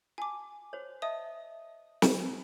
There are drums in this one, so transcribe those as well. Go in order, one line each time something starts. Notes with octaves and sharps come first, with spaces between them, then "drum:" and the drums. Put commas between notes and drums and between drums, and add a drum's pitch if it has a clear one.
F#4 G#5 A5 D6
F#4 C5 C#5
D#5 E5 A5 D#6
drum: snare